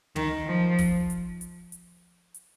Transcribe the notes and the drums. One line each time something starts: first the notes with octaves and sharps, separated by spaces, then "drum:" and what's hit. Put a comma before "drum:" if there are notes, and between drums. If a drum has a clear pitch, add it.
D#3, drum: tom
F3
drum: kick, open hi-hat
drum: hi-hat
drum: hi-hat
drum: hi-hat
drum: hi-hat